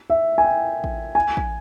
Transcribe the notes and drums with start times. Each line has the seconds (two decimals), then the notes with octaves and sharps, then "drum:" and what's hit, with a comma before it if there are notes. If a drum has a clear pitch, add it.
0.10 E5
0.38 G#5
0.44 G5
0.84 drum: kick A1
1.15 G#5
1.37 drum: kick A1